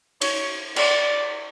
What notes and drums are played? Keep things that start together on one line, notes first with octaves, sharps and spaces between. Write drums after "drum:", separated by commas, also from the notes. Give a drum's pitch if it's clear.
C#5, drum: cymbal
D5, drum: cymbal